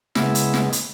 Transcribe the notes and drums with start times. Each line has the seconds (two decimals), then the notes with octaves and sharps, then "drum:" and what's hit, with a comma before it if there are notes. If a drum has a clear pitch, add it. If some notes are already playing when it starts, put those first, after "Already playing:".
0.15 C#3 G#3 B3 E4, drum: snare
0.35 drum: hi-hat
0.54 drum: snare
0.72 drum: hi-hat